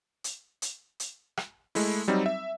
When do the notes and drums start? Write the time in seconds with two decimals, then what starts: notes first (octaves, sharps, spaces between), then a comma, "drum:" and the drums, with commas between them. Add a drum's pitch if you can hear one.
0.24 drum: hi-hat
0.62 drum: hi-hat
1.00 drum: hi-hat
1.37 drum: rim click
1.75 G#3 A3 E4, drum: open hi-hat
2.08 F#3 G3 C4 D#4
2.26 E5